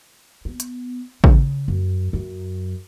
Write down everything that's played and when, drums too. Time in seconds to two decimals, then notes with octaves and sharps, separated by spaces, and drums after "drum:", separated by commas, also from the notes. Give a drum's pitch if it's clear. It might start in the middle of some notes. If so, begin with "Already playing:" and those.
0.45 B3
0.60 drum: hi-hat
1.24 C#3, drum: kick A1
1.68 F#2
2.13 F#2